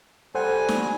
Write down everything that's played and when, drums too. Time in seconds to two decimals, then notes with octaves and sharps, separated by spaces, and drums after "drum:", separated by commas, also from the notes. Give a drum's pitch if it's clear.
0.35 G3 A4 C5 F#5 G#5
0.68 drum: snare